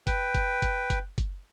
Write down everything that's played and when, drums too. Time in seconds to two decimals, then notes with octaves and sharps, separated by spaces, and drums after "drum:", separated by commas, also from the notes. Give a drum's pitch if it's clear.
0.07 B4 G5, drum: kick F#1, hi-hat
0.35 drum: kick F#1, hi-hat
0.62 drum: kick F#1, hi-hat
0.90 drum: kick F#1, hi-hat
1.18 drum: kick F#1, hi-hat